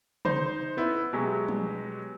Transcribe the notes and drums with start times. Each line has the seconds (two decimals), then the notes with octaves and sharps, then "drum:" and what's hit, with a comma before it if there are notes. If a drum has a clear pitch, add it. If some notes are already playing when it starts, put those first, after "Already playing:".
0.25 D#4 C5, drum: tom
0.77 B3 E4
1.13 B2 F#3 G#3 G4
1.48 drum: tom